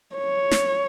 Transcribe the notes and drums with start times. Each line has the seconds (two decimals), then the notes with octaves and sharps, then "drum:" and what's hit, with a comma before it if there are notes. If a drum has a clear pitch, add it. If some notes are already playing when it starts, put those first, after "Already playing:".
0.16 C#5
0.51 drum: snare